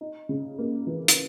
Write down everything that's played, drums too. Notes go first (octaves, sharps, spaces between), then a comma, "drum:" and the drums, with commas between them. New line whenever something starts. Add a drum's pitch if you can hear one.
D#4
C#3
A#3
E3
drum: hi-hat